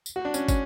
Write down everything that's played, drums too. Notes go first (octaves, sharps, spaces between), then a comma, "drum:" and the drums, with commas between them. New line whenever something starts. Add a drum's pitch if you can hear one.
drum: tambourine
F#4
D4
C#4, drum: tambourine
C#4, drum: kick, tambourine